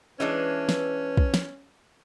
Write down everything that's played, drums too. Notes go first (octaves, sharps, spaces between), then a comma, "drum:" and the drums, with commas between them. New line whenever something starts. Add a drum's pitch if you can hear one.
E3 G#3 C#4 D4 B4
drum: snare
drum: kick
drum: snare